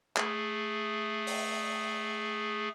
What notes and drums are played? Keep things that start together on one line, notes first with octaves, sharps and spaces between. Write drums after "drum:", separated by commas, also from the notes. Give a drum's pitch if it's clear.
A3 G#4, drum: clap
drum: open hi-hat